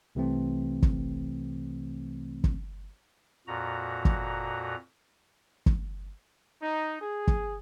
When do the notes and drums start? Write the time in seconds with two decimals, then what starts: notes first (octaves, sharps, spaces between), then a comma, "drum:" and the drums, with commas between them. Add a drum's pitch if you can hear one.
0.15 C2 C3 E3 A3 C4
0.83 drum: kick G1
2.44 drum: kick G1
3.47 F2 A#2 F#4 A#5
4.05 drum: kick G1
5.66 drum: kick G1
6.62 D#4
7.01 G#4
7.27 drum: kick G1